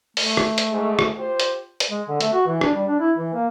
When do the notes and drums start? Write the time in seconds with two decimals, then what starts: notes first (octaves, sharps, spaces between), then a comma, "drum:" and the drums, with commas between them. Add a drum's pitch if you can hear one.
0.17 A3, drum: open hi-hat
0.37 drum: rim click
0.58 drum: hi-hat
0.71 G#2
0.99 drum: rim click
1.16 F4 G4 C5
1.40 drum: hi-hat
1.80 drum: hi-hat
1.91 G#3
2.08 D3
2.21 A3, drum: hi-hat
2.33 F#4
2.47 E3
2.61 D4, drum: rim click
2.74 G3
2.88 D4
3.00 E4
3.17 E3
3.34 A#3